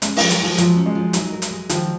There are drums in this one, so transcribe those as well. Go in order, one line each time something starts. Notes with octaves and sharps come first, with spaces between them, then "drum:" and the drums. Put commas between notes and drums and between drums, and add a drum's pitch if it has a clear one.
G#3 C#4, drum: hi-hat
F3 G#3, drum: open hi-hat
F#3, drum: hi-hat
F3 G#3
F3 F#3, drum: hi-hat
C#4
G#3
F3
F#3 D#4, drum: hi-hat
A#4
drum: hi-hat
G#3
D#3 F3, drum: hi-hat